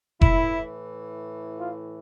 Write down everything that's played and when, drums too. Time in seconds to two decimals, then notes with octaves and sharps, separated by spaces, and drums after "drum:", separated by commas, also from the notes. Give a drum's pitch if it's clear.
0.21 A2 E3 E4, drum: kick F1
1.58 F4